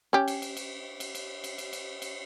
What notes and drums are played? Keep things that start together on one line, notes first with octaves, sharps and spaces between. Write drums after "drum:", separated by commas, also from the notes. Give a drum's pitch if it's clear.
C#4 G4
drum: cymbal
drum: cymbal
drum: cymbal
drum: cymbal
drum: cymbal
drum: cymbal
drum: cymbal
drum: cymbal
drum: cymbal